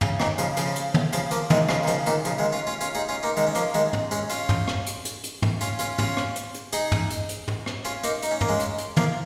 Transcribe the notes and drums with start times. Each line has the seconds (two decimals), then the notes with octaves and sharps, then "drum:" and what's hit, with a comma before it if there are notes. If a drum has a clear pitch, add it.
0.01 C#3, drum: tom
0.20 A#2 D#3, drum: rim click
0.38 C#3 F3, drum: hi-hat
0.57 C#3 F3, drum: hi-hat
0.76 drum: hi-hat
0.94 drum: tom
1.13 C#3 F3, drum: hi-hat
1.31 F3 A#3, drum: hi-hat
1.50 D#3 G#3, drum: tom
1.69 C#3 F3, drum: rim click
1.83 D#3
1.87 C#3 F3, drum: hi-hat
2.06 A#2 D#3, drum: hi-hat
2.25 C#3 F3, drum: hi-hat
2.39 D#3 G#3
2.52 C#4 F4
2.67 C#4 F4
2.81 C#4 F4, drum: hi-hat
2.95 D#4 G#4
3.09 C#4 F4
3.23 A#3 D#4
3.37 D#3 G#3, drum: hi-hat
3.47 C#4
3.55 F3 A#3, drum: hi-hat
3.74 D#3 G#3, drum: hi-hat
3.93 drum: tom
4.11 G#3 C#4, drum: hi-hat
4.30 C#4 F4, drum: hi-hat
4.49 drum: tom
4.68 drum: rim click
4.86 drum: hi-hat
5.05 drum: hi-hat
5.24 drum: hi-hat
5.42 drum: tom
5.61 C#4 F4, drum: hi-hat
5.79 C#4 F4, drum: hi-hat
5.98 C#4 F4, drum: tom
6.17 drum: rim click
6.36 drum: hi-hat
6.54 drum: hi-hat
6.73 D#4 G#4, drum: hi-hat
6.92 drum: tom
7.10 drum: hi-hat
7.29 drum: hi-hat
7.48 drum: tom
7.66 drum: rim click
7.85 C#4 F4, drum: hi-hat
8.04 A#3 D#4, drum: hi-hat
8.23 D#4, drum: hi-hat
8.31 C#4
8.41 A#3, drum: tom
8.49 G#3 C#4
8.60 drum: hi-hat
8.78 drum: hi-hat
8.97 F3 A#3, drum: tom